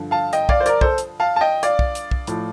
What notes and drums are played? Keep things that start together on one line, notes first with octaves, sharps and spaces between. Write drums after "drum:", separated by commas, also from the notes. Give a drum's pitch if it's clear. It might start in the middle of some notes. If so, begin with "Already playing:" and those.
Already playing: G2 D3 F3
F5 A5
D#5 G5, drum: hi-hat
D5 F5, drum: kick
C5
A#4 D5, drum: hi-hat
A4 C5, drum: kick
drum: hi-hat
F5 A5
A5
D#5 G5
D5 F5, drum: hi-hat
drum: kick
drum: hi-hat
drum: kick
A2 F3, drum: hi-hat